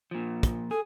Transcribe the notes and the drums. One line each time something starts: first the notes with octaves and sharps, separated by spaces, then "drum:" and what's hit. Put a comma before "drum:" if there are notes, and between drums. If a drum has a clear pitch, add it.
A#2 F3
drum: kick, hi-hat
G#4 A4